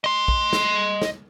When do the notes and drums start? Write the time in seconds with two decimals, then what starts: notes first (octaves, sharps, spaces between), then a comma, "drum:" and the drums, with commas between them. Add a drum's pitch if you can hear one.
0.04 D#5 C6
0.28 drum: kick A#1
0.53 drum: snare
1.02 drum: snare